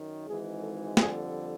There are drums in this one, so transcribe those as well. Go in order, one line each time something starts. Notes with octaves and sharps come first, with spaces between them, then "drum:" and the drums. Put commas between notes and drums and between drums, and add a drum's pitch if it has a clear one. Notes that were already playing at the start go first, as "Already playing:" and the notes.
Already playing: F#2 D#3
G#1 G#2 E3 G#3 G#4
A4
F2 D3 G3 G#4, drum: snare